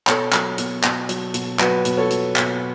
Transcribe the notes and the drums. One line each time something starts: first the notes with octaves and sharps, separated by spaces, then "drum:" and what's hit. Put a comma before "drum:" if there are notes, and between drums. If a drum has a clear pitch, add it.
B2 A4 C#5, drum: clap
F#3, drum: clap
B2, drum: hi-hat
B2, drum: clap
F#3, drum: hi-hat
B2, drum: hi-hat
F#3 F#4 B4, drum: clap
B2, drum: hi-hat
A4 C#5
F#3, drum: hi-hat
B2, drum: clap